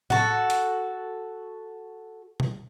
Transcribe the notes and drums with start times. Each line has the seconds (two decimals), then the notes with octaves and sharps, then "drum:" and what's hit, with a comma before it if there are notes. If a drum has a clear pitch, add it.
0.10 F#4 A4, drum: tom A2
0.50 drum: hi-hat
2.40 drum: tom B2